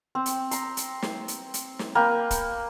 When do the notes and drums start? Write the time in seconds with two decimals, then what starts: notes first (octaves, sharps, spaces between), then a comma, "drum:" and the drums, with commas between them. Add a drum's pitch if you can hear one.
0.15 C4
0.26 drum: hi-hat
0.51 A#5 C6, drum: hi-hat
0.77 drum: hi-hat
1.02 drum: snare
1.28 drum: hi-hat
1.54 drum: hi-hat
1.79 drum: snare
1.95 A#3 B4 G5
2.31 drum: kick, hi-hat